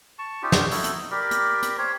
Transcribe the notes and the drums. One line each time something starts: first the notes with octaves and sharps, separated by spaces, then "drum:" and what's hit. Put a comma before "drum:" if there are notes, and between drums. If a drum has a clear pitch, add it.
A5 C#6
C#4 D#4 F4 G4
drum: snare
D#4 E4 F#4 A4, drum: open hi-hat
drum: hi-hat
D#4
G4 A#4 D5 B5
drum: hi-hat
drum: hi-hat
G4 C5 C#5